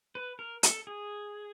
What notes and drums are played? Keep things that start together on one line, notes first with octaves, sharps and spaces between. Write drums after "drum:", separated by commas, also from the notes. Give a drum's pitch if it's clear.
B4
A#4
A4, drum: hi-hat
G#4